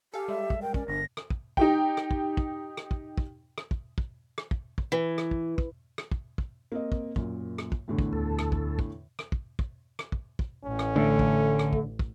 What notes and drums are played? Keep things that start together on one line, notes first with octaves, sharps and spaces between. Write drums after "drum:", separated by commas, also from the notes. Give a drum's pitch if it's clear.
G4 A4 F5 G#5
G3 G#3 E5
drum: kick
A#4 G5
C#4 D5, drum: kick
G1 D4 A#6
drum: rim click
drum: kick
D#4 G4 G5, drum: kick
drum: rim click
drum: kick
drum: kick
drum: rim click
drum: kick
drum: kick
drum: rim click
drum: kick
drum: kick
drum: rim click
drum: kick
drum: kick
E3
drum: rim click
drum: kick
drum: kick
drum: rim click
drum: kick
drum: kick
A#3 C4 D#5
drum: kick
F#2 A#2, drum: kick
drum: rim click
drum: kick
E2 A2 D3
drum: kick
D2 A4
drum: rim click
drum: kick
drum: kick
drum: rim click
drum: kick
drum: kick
drum: rim click
drum: kick
drum: kick
A1 C#4
drum: rim click
D3 A3
drum: kick
drum: rim click
drum: kick
drum: kick